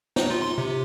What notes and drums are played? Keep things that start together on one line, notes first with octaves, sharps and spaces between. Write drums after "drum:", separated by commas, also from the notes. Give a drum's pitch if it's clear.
D#4, drum: snare
F4
C6
C3